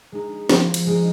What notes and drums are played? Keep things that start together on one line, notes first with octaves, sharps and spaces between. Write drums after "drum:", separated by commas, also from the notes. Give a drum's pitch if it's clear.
G#3 D#4
F3, drum: snare
drum: cymbal
G#3 D#4